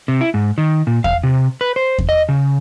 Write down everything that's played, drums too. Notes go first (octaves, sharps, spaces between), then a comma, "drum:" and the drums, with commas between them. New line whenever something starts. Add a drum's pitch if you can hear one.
C3
E4
G#2
D#3
A#2
F5, drum: kick E2
C3
B4
C5
drum: kick E2
D#5
C#3